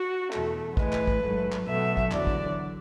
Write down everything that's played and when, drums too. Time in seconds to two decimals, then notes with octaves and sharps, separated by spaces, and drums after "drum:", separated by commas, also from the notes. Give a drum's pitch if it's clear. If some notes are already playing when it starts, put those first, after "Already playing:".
Already playing: F#4
0.32 E2 B2 A3, drum: clap
0.77 A2 E3 G#3 B4, drum: kick
0.93 drum: clap
1.07 drum: kick
1.22 G#2 F#3 A3
1.52 drum: clap
1.67 B2 F#3 A3 E5
1.97 drum: kick
2.11 E2 D3 F#3 D5, drum: clap
2.27 drum: kick